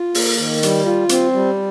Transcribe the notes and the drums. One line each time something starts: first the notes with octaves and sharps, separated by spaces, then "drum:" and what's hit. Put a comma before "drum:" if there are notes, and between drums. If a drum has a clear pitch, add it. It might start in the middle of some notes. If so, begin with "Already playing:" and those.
Already playing: F4
A#3, drum: open hi-hat
D#3
G3, drum: hi-hat
F4
C4, drum: hi-hat
G3